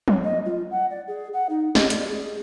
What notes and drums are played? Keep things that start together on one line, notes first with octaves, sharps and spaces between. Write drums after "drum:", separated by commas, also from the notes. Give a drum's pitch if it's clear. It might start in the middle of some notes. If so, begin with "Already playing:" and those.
drum: tom F3
D#5
F4
F#5
D5
G#4
F#5
D#4
D#5, drum: snare
D5, drum: hi-hat
G#4